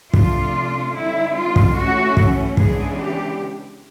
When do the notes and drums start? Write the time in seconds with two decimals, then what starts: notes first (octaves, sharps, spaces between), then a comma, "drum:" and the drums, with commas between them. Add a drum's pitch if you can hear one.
0.14 C3 F3 A3 D4 F4, drum: kick
0.95 D3 G3 C4 D#4 E4
1.36 F4
1.56 drum: kick
1.76 E3 A3 C#4 F#4
2.17 drum: kick
2.57 C#3 E3 G#3 B3 D4 G#4, drum: kick
2.98 G4